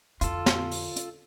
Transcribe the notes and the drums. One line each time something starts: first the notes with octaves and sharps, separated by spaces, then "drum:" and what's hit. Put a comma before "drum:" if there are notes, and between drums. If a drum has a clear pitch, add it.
F2 D3 F4 A4, drum: hi-hat
drum: snare
drum: open hi-hat
drum: hi-hat